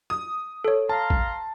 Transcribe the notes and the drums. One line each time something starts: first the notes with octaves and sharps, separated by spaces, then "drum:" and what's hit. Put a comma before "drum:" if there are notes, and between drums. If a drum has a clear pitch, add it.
D#6
A4 C#5
F5 A5 A#5 C6
drum: kick A#1